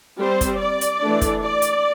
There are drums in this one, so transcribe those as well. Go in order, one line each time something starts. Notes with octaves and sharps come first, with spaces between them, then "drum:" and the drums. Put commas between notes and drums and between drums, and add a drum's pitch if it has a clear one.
G3 C4 C5
drum: kick, hi-hat
D5
drum: hi-hat
E3 A3 D4
drum: kick, hi-hat
D5
drum: hi-hat